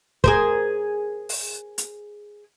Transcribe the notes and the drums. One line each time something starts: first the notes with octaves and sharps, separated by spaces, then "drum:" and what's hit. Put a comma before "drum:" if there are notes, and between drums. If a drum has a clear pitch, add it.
G#4 A#4 C5, drum: kick
drum: open hi-hat
drum: hi-hat